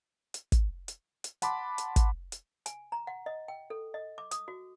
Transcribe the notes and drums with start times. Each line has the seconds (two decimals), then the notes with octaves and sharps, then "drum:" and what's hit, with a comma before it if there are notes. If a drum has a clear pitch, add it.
0.34 drum: hi-hat
0.52 drum: kick, hi-hat
0.88 drum: hi-hat
1.24 drum: hi-hat
1.42 F#5 A5 B5 C6 D6, drum: hi-hat
1.78 drum: hi-hat
1.96 drum: kick, hi-hat
2.32 drum: hi-hat
2.66 G#5, drum: hi-hat
2.92 A#5
3.07 F#5
3.26 D#5
3.48 G5
3.70 A4
3.94 D#5
4.18 D6
4.31 D#6, drum: hi-hat
4.48 F#4